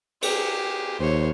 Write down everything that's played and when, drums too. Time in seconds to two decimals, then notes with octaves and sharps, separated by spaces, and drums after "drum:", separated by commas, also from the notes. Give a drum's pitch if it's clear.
0.22 G4 G#4, drum: cymbal
0.99 D#2 C5 C#5